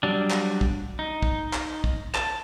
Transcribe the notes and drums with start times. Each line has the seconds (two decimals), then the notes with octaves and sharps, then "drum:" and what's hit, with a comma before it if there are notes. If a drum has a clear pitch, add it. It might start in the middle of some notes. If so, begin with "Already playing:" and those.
0.03 F#3 G3 D4
0.30 drum: clap
0.61 drum: kick
0.99 D#4
1.23 drum: kick
1.53 drum: clap
1.84 drum: kick
2.15 A5, drum: clap